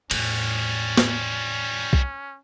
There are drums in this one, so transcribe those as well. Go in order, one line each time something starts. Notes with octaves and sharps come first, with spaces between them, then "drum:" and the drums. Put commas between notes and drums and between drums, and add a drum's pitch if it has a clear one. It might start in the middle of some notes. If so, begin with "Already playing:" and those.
E2 A2 F3 G3 C#4, drum: cymbal
drum: snare
drum: kick B1